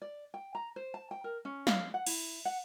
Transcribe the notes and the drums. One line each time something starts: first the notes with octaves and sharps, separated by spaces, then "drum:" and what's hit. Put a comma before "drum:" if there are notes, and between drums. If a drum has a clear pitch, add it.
D5
G5
A#5
C5
A5
G5
A#4
C#4
F5, drum: snare
F#5
E4, drum: cymbal
F#5